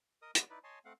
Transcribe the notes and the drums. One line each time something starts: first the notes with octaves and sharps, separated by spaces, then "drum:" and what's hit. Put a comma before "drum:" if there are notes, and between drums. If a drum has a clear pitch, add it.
A#4 D#5 D#6
G#3 B3 F#4 D5 D#5, drum: hi-hat
D#4 E4 B4 D5
C#5 D#5 G#5 A5 C6
A3 C4 F5 F#5